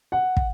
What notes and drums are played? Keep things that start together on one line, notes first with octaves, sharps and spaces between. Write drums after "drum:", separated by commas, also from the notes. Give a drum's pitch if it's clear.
F#5
drum: kick